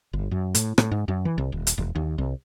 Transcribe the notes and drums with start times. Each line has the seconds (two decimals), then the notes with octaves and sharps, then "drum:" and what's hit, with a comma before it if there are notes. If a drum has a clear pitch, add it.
0.13 G1
0.31 F#2
0.55 A2, drum: hi-hat
0.78 A2, drum: rim click
0.91 G#2
1.08 F#2
1.25 E3
1.38 C2
1.52 D#1
1.67 drum: hi-hat
1.78 E1
1.95 D#2
2.18 C2